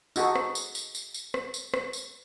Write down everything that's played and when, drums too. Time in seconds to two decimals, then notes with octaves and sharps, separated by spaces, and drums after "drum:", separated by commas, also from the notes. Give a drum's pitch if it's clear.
0.16 D#4 F#4 G#4 A4, drum: tambourine
0.36 drum: rim click
0.55 drum: tambourine
0.75 drum: tambourine
0.95 drum: tambourine
1.14 drum: tambourine
1.34 drum: rim click
1.54 drum: tambourine
1.74 drum: rim click
1.93 drum: tambourine